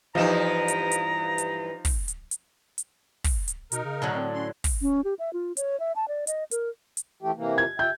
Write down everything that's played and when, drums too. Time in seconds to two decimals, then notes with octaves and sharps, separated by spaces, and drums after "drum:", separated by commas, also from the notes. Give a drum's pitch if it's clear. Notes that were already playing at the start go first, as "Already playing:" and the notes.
0.15 G2 E3 F3 D#4 A#5 E7
0.68 drum: hi-hat
0.91 drum: hi-hat
1.38 drum: hi-hat
1.85 drum: kick, open hi-hat
2.08 drum: hi-hat
2.31 drum: hi-hat
2.78 drum: hi-hat
3.24 drum: kick, open hi-hat
3.48 drum: hi-hat
3.72 B2 D#4 A#4, drum: hi-hat
3.84 C#3
4.02 A2 D3 F#3
4.14 C4
4.34 C#4 C6
4.64 drum: kick, open hi-hat
4.82 C#4
5.04 G4
5.19 E5
5.33 F4
5.57 C#5, drum: hi-hat
5.80 E5
5.96 A5
6.08 D5
6.27 D#5, drum: hi-hat
6.51 A#4, drum: hi-hat
6.97 drum: hi-hat
7.23 E3 A3 G4
7.36 C3 E3 A#3
7.58 G#6
7.79 E5 G5 G6